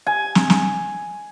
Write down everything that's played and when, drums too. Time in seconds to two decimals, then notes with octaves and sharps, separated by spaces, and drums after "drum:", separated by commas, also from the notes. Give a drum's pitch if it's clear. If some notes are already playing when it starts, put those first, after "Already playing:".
0.06 G#5
0.35 drum: snare
0.50 drum: snare